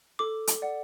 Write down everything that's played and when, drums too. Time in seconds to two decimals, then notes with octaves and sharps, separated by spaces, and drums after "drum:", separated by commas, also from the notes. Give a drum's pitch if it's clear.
0.19 A4 D6
0.47 drum: hi-hat
0.62 D5 F#5